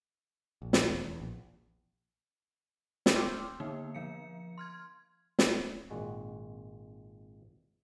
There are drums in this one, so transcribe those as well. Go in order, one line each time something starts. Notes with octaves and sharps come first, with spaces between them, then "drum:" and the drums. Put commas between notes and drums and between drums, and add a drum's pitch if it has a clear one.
A#1
drum: snare
E1
E2
A#1
drum: snare
G5 C6 D6 E6 F6 G6
D3 A#3 B3 D#4
F3 F5 C#7
C6 F6 G#6
drum: snare
G#1 A#2 G#3 F#4